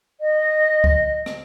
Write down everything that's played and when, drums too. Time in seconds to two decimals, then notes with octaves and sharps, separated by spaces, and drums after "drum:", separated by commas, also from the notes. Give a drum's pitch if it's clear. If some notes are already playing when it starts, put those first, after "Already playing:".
0.21 D#5
0.84 drum: kick C#2
1.26 drum: rim click